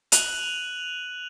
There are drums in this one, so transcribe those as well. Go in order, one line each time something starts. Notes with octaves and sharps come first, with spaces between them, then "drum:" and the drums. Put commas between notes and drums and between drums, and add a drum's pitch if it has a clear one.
F#6 D#7 F7 F#7, drum: hi-hat